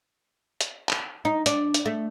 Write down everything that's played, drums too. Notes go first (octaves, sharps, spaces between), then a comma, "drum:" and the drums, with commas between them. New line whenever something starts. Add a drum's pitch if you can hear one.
drum: hi-hat
drum: clap
D#4
D4, drum: hi-hat
drum: hi-hat
A3